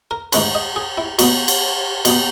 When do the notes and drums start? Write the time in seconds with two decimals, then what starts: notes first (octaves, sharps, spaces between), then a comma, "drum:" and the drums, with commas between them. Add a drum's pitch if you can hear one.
0.11 A#4
0.32 G#2 D#3 G#3 C#4 B4, drum: cymbal
0.55 D#5
0.76 G#4
0.98 E4
1.19 B2 F#3 B3 F#4, drum: cymbal
1.48 drum: cymbal
2.05 B2 F#3 B3, drum: cymbal